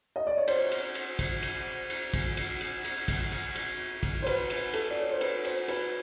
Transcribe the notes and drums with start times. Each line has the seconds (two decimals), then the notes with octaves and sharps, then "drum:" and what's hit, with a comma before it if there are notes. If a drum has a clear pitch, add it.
0.16 D#5
0.27 D5
0.37 C#5
0.48 C5, drum: cymbal
0.72 drum: cymbal
0.95 drum: cymbal
1.19 drum: kick, cymbal
1.43 drum: cymbal
1.90 drum: cymbal
2.14 drum: kick, cymbal
2.37 drum: cymbal
2.61 drum: cymbal
2.85 drum: cymbal
3.08 drum: kick, cymbal
3.32 drum: cymbal
3.56 drum: cymbal
4.03 drum: kick, cymbal
4.22 C5
4.26 B4, drum: cymbal
4.50 drum: cymbal
4.74 A4, drum: cymbal
4.90 D5
5.01 C#5
5.11 C5
5.21 B4, drum: cymbal
5.45 C5, drum: cymbal
5.68 B4, drum: cymbal